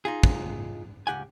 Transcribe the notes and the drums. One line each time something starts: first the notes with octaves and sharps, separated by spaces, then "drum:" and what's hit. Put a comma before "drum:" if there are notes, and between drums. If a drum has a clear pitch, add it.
D#4 F4 G#4
drum: kick
C#2 G4 F#5 G#5